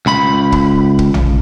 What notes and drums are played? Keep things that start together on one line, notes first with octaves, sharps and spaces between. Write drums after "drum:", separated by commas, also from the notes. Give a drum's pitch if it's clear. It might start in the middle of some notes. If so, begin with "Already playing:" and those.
C#2 B5
drum: kick
drum: kick
drum: tom A#1